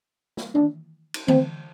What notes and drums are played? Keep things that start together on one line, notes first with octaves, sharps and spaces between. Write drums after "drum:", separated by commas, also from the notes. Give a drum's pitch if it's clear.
drum: snare
D4, drum: tom
drum: cymbal
C4, drum: tom D3